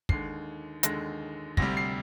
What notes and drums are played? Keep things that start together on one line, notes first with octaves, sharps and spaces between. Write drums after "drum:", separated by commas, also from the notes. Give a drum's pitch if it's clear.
D#2 D3 G#3 C7, drum: kick
D#2 D3 G#3 A#6, drum: hi-hat
D2 C3 G3 A#6, drum: kick
C7